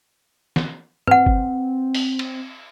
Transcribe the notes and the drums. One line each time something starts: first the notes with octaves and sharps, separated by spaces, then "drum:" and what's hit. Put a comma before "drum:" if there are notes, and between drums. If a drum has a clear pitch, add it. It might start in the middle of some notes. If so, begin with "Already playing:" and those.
drum: snare
C4 B4 F#5, drum: tom
drum: kick
drum: open hi-hat
drum: cymbal